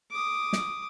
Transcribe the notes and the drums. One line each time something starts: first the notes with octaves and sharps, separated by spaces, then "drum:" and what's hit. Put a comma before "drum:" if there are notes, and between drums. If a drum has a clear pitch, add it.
D6 D#6
drum: snare